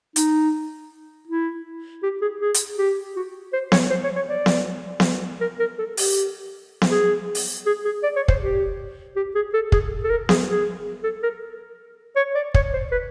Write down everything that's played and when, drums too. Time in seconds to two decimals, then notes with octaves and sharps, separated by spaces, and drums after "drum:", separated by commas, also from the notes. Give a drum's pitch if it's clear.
0.16 D#4, drum: hi-hat
1.27 E4
2.03 G4
2.21 G#4
2.41 G#4
2.54 drum: hi-hat
2.78 G4
3.16 F#4
3.53 C5
3.72 C#5, drum: snare B3
3.90 C5
4.04 C#5
4.16 C#5
4.28 D5
4.46 drum: snare B3
5.00 drum: snare B3
5.41 A#4
5.59 A#4
5.79 A4
5.97 G4, drum: open hi-hat
6.82 drum: snare B3
6.91 G#4
7.35 drum: open hi-hat
7.66 G#4
7.85 G#4
8.03 D5
8.16 C#5
8.28 C5, drum: kick
8.41 G4
9.16 G4
9.35 G#4
9.54 A4
9.72 G#4, drum: kick
10.04 A4
10.10 A#4
10.29 G#4, drum: snare B3
10.48 G#4
11.04 A4
11.23 A#4
12.16 C#5
12.35 D5
12.54 C#5, drum: kick
12.73 C5
12.91 B4